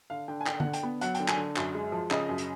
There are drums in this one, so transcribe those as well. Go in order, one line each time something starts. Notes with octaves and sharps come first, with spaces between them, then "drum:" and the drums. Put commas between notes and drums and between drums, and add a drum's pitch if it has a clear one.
D3 F5
D3 G5
G#5
D3 G5, drum: clap
F#5, drum: tom D3
D3
G5, drum: hi-hat
B3
F#3 F#5, drum: hi-hat
G5, drum: hi-hat
D3
G#5, drum: clap
D3
F#2, drum: clap
G#3
F3
C#3 D#5, drum: clap
F#2
drum: hi-hat